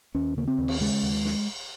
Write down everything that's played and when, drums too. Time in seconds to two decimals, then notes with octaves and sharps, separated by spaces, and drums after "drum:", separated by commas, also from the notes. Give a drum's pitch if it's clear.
0.15 D#2 C#4
0.36 C#3 A#3
0.48 C4
0.58 D#2
0.68 drum: cymbal
0.81 C#3 G#3
1.03 D#2
1.25 drum: snare